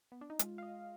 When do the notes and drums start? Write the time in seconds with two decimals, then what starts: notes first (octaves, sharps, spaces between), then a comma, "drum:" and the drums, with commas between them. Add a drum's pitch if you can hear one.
0.12 B3
0.21 D4
0.30 D#4
0.39 G#3 F4, drum: hi-hat
0.58 F5
0.63 D#5